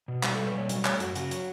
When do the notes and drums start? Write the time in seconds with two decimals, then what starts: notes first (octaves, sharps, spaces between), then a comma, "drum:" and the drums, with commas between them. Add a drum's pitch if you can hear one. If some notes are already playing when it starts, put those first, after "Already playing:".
0.08 B2
0.23 G3 G4, drum: clap
0.35 B2 A4
0.46 B4
0.54 G3 C#5
0.69 F#3, drum: hi-hat
0.85 A3 C#5, drum: clap
1.00 F#2 F#4, drum: hi-hat
1.15 C#3 F#4, drum: hi-hat
1.31 F#3, drum: hi-hat